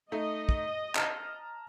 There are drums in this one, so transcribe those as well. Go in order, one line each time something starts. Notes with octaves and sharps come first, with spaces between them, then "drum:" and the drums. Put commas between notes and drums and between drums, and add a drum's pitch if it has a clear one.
A3 D#4 D#5
drum: kick
A5 A#5 F6, drum: clap